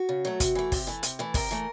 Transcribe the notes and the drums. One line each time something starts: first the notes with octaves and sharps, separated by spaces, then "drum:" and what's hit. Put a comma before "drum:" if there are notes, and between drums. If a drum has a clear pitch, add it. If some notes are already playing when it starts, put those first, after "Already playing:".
Already playing: F#4
C#3
F#3 A3
C3, drum: kick, hi-hat
E3 A3
C3, drum: kick, open hi-hat
E3 A3
C3, drum: hi-hat
E3 A3
C3 A#4, drum: kick, open hi-hat
E3 A3